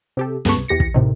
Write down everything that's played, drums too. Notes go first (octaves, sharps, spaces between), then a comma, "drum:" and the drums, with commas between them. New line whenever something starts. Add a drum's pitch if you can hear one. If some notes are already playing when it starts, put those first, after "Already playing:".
C3 G4 A4
C#2 G2 B3 A4 B4 C#6, drum: snare
C2
E2 G4 A#6 C#7
drum: kick
A2 C3 D#3